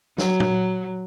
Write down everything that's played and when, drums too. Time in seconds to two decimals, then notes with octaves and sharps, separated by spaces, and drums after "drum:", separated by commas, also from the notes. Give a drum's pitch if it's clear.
0.18 F#3, drum: snare
0.40 drum: tom